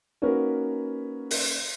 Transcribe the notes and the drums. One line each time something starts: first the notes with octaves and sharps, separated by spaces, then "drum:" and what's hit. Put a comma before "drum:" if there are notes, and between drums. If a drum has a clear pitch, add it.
A#3 C#4 D#4 F#4 A#4 B4
drum: open hi-hat